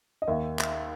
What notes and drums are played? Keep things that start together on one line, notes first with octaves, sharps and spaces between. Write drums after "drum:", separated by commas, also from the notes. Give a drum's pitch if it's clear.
D#5
D#2 E5
drum: clap